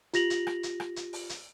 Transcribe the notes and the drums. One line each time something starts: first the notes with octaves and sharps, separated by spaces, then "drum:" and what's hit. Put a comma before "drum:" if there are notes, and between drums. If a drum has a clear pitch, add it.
F4 G4 A#6 F7 F#7, drum: hi-hat
drum: hi-hat
drum: rim click
drum: hi-hat
drum: rim click
drum: hi-hat
drum: open hi-hat
drum: hi-hat